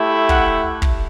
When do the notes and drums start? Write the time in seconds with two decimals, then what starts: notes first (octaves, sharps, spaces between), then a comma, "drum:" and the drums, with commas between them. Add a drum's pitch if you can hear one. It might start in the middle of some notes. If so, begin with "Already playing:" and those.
Already playing: A3 E4 G4
0.29 F#5, drum: kick
0.82 drum: kick